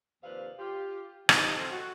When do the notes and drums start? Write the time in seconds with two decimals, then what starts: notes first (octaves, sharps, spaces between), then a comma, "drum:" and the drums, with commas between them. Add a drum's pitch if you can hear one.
0.23 D#2 C3 F3 B4 D5 F5
0.59 F4 G4
1.29 E3 F3 G3 D#4, drum: rim click
1.55 C4 F4 A4
1.71 F#4